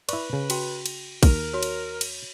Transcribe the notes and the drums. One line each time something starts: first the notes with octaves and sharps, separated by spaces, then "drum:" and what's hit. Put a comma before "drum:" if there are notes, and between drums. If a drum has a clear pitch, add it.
E4 B4 D5 C#6, drum: cymbal
C#3
F#4 G5, drum: cymbal
drum: cymbal
D#2 A#4, drum: kick, cymbal
F#4 C#5
drum: cymbal
drum: cymbal